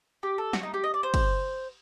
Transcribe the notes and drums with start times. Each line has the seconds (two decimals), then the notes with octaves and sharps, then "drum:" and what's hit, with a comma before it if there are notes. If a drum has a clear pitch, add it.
0.23 G4
0.38 A4
0.53 F#4, drum: snare
0.63 D#4
0.74 G4
0.84 D#5
0.94 D5
1.03 C5
1.14 drum: kick, cymbal